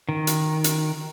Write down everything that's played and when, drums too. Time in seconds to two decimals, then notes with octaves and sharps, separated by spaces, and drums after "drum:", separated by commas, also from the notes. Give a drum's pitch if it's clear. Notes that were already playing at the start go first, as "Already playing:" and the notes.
0.09 D#3
0.27 drum: hi-hat
0.64 drum: hi-hat